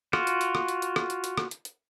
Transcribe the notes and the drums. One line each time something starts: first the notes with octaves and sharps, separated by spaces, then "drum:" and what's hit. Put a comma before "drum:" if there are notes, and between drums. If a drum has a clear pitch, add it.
F4 F#4, drum: rim click
drum: hi-hat
drum: hi-hat
drum: rim click
drum: hi-hat
drum: hi-hat
drum: rim click
drum: hi-hat
drum: hi-hat
drum: rim click
drum: hi-hat
drum: hi-hat